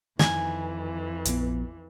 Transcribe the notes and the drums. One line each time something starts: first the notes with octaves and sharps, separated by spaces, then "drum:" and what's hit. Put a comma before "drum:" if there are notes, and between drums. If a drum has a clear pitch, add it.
F2 D#3 E3 G#5, drum: snare
A#1 F3 B3, drum: hi-hat